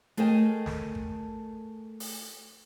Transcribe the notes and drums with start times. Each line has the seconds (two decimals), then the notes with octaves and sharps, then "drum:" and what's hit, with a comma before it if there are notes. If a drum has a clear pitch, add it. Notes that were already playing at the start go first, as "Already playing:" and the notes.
0.17 A3 G#4 A#4 D#5 G5 A5, drum: hi-hat
0.66 drum: snare
0.95 drum: kick G#1
2.00 drum: open hi-hat